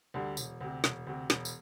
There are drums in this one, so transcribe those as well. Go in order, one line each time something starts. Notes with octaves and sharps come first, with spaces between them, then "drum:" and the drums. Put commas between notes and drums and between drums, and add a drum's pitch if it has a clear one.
D2 D3 G3
E1, drum: tambourine
D2 C3
E1, drum: snare
D2 C3
E1, drum: snare
drum: tambourine